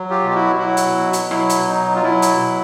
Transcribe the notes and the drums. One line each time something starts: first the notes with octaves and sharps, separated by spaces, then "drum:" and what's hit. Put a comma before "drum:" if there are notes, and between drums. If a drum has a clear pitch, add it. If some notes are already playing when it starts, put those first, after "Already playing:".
Already playing: F#3
F4 G4
B2
G4
E4 F#4
F#3 E4 F#4
drum: hi-hat
B2
drum: hi-hat
F#3 E4, drum: rim click
drum: hi-hat
B2 D#4
F4
F#3 E4
drum: hi-hat
B2